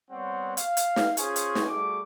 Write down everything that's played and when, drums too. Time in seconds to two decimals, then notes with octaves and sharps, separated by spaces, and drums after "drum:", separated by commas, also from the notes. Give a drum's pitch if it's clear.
0.11 G3 B3 C4 C#5 F#5
0.57 F5, drum: hi-hat
0.77 drum: hi-hat
0.96 drum: snare
1.17 C#4 F4 G#4 C5 G#5 C#6, drum: hi-hat
1.36 drum: hi-hat
1.55 drum: snare
1.68 G3 A3 F#4 G#4 D6